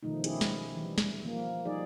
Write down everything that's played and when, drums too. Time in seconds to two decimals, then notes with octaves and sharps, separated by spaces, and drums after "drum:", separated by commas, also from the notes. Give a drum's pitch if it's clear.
0.03 B2 D#3 F3 A3 D#4
0.24 C#4 E4 G4 G#4, drum: hi-hat
0.41 drum: snare
0.76 E3 G3
0.98 drum: snare
1.25 F3 A#3
1.65 F3 G3 D#4 G#4 D5